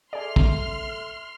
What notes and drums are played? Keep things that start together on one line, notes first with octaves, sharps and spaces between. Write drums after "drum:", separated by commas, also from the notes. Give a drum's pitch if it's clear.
G#4 A4 D5 E5 C6 F6
drum: kick